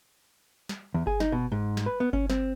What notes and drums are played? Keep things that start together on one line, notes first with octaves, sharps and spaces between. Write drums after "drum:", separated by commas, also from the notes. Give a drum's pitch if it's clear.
drum: snare
E2
G#4, drum: kick G1
D#4, drum: snare
B2
G#2
drum: snare
B4
B3
C#4, drum: kick G1
C4, drum: snare